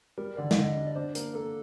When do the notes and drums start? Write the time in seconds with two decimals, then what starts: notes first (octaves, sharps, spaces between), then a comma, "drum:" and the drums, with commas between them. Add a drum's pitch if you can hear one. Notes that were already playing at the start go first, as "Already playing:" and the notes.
0.18 G3 A#4
0.37 D3 D5
0.51 F5, drum: snare
0.56 D3 D#5
0.77 D4
0.87 D5
0.95 D4 C5
1.15 A#3 A#4, drum: hi-hat
1.35 A#3 A4